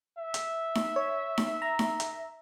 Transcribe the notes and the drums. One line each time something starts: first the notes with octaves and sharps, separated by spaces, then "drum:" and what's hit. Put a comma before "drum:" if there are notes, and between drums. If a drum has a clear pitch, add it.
E5
drum: hi-hat
drum: snare D#4
C#5
drum: snare D#4
A#5
drum: snare D#4
drum: hi-hat